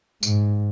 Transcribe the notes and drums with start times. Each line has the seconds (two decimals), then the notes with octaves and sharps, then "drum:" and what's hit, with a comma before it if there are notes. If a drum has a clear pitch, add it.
0.23 G#2, drum: tambourine